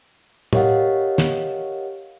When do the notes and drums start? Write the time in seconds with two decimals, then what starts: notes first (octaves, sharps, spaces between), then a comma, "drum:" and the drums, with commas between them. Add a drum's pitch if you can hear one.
0.53 G4 A#4 C#5 D#5 F5 F#5, drum: tom A2
1.18 drum: snare